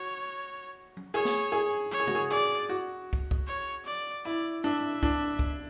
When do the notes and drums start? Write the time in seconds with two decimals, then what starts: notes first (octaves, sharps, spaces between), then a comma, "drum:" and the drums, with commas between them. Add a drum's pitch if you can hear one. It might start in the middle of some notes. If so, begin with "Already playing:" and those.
Already playing: F#4 C#5
0.97 drum: tom F#3
1.14 G#4 C#5
1.25 drum: snare
1.52 G#4
1.91 C#5
2.00 G#4
2.07 F#4, drum: tom C3
2.15 G#4
2.31 G#4 D5
2.69 F#4
3.13 drum: kick
3.31 drum: kick
3.47 C#5
3.86 D5
4.25 E4 D5
4.64 D4 E5
5.03 D4, drum: kick
5.39 drum: kick